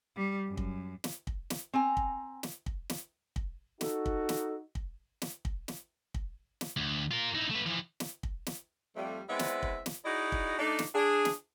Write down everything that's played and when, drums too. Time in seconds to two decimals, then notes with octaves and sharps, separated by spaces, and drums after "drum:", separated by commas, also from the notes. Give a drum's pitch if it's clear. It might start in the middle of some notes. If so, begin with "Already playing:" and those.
0.17 G3
0.48 F#2
0.57 drum: kick
1.04 drum: snare
1.27 drum: kick
1.50 drum: snare
1.73 C4 G#5 A#5
1.97 drum: kick
2.43 drum: snare
2.66 drum: kick
2.90 drum: snare
3.36 drum: kick
3.81 D#4 F#4 A4, drum: snare
4.06 drum: kick
4.29 drum: snare
4.75 drum: kick
5.22 drum: snare
5.45 drum: kick
5.68 drum: snare
6.14 drum: kick
6.61 drum: snare
6.76 D2
7.11 F4 A#4
7.35 D#4 E4
7.51 A3 B4
7.66 E3 F3
8.00 drum: snare
8.23 drum: kick
8.47 drum: snare
8.96 F2 G3 A3
9.30 G#3 B3 C4 E4 D5 E5
9.39 drum: snare
9.63 drum: kick
9.86 drum: snare
10.05 D#4 E4 F#4 G#4 D5 D#5
10.32 drum: kick
10.59 A3 D4 D#4 D5
10.79 drum: snare
10.95 D4 G#4
11.25 drum: snare